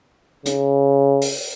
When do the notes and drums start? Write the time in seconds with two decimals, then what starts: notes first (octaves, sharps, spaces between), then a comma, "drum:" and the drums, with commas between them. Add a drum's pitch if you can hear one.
0.45 C#3, drum: hi-hat
1.21 drum: open hi-hat